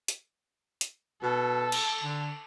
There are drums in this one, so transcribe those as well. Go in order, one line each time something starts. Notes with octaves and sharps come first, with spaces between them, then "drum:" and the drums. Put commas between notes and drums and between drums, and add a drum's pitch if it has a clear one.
drum: hi-hat
drum: hi-hat
B2 A4
drum: cymbal
D3